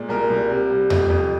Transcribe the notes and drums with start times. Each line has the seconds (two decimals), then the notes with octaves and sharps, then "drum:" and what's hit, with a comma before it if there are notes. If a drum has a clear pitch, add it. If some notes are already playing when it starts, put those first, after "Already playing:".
Already playing: A#2 G#3
0.09 C2 A#4
0.30 C2
0.50 C3
0.70 G3
0.90 F2, drum: tom E2
1.10 F2